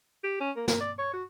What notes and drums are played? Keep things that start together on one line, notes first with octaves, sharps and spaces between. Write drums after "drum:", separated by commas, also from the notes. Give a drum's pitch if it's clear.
G4
C#4
A#3
A#3, drum: snare
D5
C#5
F#4